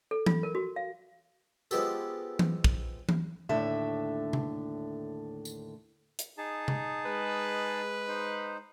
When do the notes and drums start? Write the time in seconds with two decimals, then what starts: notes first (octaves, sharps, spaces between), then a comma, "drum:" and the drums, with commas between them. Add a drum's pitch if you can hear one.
0.11 A4
0.26 F4, drum: tom E3
0.43 A#4
0.55 F#4
0.76 F5
1.71 F3 G#3 B3 G4 A4, drum: tambourine
2.39 drum: tom E3
2.64 drum: kick
3.09 drum: tom E3
3.49 D#2 A2 D3 A4 E5
4.33 drum: tom C3
5.45 drum: tambourine
6.19 drum: hi-hat
6.38 D#4 G#4 A5
6.68 drum: tom C3
7.06 G#3 B4
8.08 D#4 C5